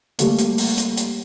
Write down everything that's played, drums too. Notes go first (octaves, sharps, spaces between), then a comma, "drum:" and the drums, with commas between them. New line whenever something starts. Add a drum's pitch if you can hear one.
G3 A3 A#3, drum: hi-hat
drum: hi-hat
drum: open hi-hat
drum: hi-hat
drum: hi-hat